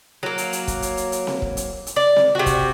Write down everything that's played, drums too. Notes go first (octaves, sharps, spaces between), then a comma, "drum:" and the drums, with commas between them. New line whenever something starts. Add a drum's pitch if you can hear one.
F#3 A#3
drum: hi-hat
drum: hi-hat
drum: kick, hi-hat
drum: hi-hat
drum: hi-hat
drum: hi-hat
drum: snare C4
drum: kick
drum: hi-hat
drum: hi-hat
D5
drum: snare C4
C3 F#4
drum: kick, hi-hat